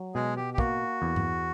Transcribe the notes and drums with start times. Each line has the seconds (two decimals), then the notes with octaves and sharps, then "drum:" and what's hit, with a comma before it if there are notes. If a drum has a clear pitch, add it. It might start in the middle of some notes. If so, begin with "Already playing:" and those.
Already playing: F#3
0.14 B2 G#3 G#4
0.36 G4
0.54 G4
0.58 A#3 F#4, drum: kick
1.02 E2
1.16 drum: tom G2